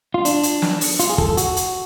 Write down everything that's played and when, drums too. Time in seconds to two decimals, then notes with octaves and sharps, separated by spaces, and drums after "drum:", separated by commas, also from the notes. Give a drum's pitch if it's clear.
0.14 F4
0.25 D4, drum: hi-hat
0.43 drum: hi-hat
0.62 drum: snare
0.81 drum: open hi-hat
1.00 F4, drum: hi-hat
1.10 G#4
1.18 A4, drum: kick
1.29 A4
1.37 F#4, drum: hi-hat
1.56 drum: hi-hat